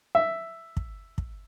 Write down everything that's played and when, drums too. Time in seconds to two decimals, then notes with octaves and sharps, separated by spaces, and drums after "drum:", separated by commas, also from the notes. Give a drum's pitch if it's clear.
0.15 E5
0.77 drum: kick
1.18 drum: kick